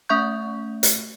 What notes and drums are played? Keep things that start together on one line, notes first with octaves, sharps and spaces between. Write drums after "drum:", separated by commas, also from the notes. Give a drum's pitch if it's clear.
A3 C#4 E5 C#6 G6
drum: hi-hat